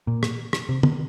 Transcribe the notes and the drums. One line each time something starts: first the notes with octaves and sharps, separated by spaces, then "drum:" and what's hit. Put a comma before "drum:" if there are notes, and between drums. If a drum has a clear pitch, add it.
A#2
drum: rim click
drum: rim click
C3
drum: tom